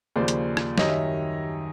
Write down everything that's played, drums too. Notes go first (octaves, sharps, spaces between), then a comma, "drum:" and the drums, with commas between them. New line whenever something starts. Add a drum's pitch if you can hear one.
D#2 C#3 F3 C5 D5
drum: hi-hat
drum: rim click
F#2 D#3 G3 C#5 D#5, drum: snare
E5